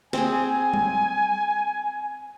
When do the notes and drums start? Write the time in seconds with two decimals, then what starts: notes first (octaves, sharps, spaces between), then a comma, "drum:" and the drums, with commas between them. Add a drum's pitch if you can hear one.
0.13 C4 G#4 G#5, drum: snare
0.74 drum: tom G3